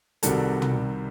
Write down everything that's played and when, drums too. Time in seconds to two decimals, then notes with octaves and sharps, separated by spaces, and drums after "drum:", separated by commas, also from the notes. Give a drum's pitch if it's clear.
0.23 C2 C3 D#3 G3 F#4 A4, drum: hi-hat
0.62 drum: tom